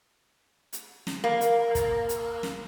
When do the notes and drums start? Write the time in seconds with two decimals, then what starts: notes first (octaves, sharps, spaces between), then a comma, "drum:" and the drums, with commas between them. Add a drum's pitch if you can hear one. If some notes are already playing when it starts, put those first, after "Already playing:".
0.73 drum: hi-hat
1.07 drum: snare
1.24 A#3
1.41 drum: hi-hat
1.75 drum: kick, hi-hat
2.09 drum: hi-hat
2.43 drum: snare